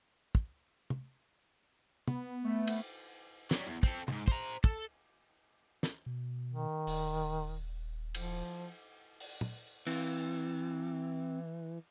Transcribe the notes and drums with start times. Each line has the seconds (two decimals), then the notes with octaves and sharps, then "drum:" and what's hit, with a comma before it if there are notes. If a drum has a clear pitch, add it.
0.35 drum: kick
0.90 drum: tom
2.08 B3, drum: tom
2.45 A3
2.67 drum: cymbal
3.51 F#3 G3, drum: snare
3.67 E2
3.83 C4 A4, drum: kick
4.08 D2 G#2, drum: tom
4.28 C5 A#5, drum: kick
4.64 A4, drum: kick
5.83 drum: snare
6.06 B2
6.49 D#3
6.87 D#1, drum: open hi-hat
8.15 F3, drum: cymbal
9.20 drum: open hi-hat
9.41 drum: tom
9.87 E3 C4, drum: cymbal